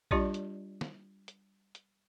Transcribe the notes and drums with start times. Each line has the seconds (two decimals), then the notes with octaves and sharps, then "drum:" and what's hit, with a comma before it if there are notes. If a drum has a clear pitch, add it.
0.11 G3 D4 F4 G4 D5 D#5, drum: kick A#1
0.34 drum: hi-hat
0.81 drum: snare
1.28 drum: hi-hat
1.75 drum: hi-hat